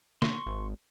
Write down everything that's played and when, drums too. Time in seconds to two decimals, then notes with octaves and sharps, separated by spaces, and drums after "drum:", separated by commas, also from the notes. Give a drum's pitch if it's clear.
0.22 C6 C#6, drum: snare
0.47 G#1